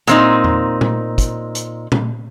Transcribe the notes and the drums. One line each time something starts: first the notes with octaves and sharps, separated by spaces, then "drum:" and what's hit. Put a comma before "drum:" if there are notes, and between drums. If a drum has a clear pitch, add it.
A#2 C4 D#4, drum: hi-hat
drum: tom E2
drum: tom A#2
drum: kick, hi-hat
drum: hi-hat
drum: tom A#2